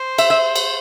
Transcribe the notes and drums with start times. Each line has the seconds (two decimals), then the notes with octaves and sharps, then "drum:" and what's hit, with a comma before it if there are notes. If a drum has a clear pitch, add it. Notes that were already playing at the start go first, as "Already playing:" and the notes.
Already playing: C5
0.18 E5, drum: cymbal
0.30 E5
0.56 drum: cymbal